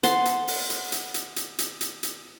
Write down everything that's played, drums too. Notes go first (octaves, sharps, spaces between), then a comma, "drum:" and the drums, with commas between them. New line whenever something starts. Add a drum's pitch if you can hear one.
F#5 A5 C6, drum: hi-hat
drum: hi-hat
drum: open hi-hat
drum: hi-hat
drum: hi-hat
drum: hi-hat
drum: hi-hat
drum: hi-hat
drum: hi-hat
drum: hi-hat